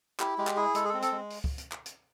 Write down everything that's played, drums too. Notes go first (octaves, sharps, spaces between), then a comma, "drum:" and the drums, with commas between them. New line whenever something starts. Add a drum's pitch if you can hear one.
E4 G4, drum: clap
G#3 G4
drum: clap
E4 G#4
G#3 A4, drum: hi-hat
G#4
A4
C4
A4, drum: hi-hat
G#3
drum: open hi-hat
drum: kick C#2
drum: hi-hat
drum: clap
drum: hi-hat